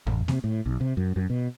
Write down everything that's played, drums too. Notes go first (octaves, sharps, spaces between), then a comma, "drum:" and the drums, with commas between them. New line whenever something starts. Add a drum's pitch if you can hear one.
A1, drum: tom F2
C3, drum: snare A#3
A2
B1
C3
F#2
F#2
B2